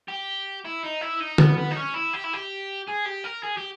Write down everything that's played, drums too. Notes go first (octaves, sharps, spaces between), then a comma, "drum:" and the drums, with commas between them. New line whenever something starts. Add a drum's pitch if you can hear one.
G4
E4
D#4
E4
D#4
B3, drum: tom
B3
D#4
C#4
E4
G4
E4
G4
G#4
G4
A#4
G#4
G4